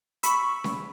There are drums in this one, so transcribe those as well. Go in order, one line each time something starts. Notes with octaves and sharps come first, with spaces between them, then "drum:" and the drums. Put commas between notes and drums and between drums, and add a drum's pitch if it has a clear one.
B5 C#6 E6, drum: hi-hat
drum: snare C#4